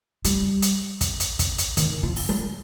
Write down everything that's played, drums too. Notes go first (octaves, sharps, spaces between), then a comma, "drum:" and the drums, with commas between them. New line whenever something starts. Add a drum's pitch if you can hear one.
G3, drum: hi-hat
drum: hi-hat
drum: kick, hi-hat
drum: hi-hat
drum: kick, hi-hat
drum: hi-hat
D#3, drum: hi-hat
F3
drum: open hi-hat
G3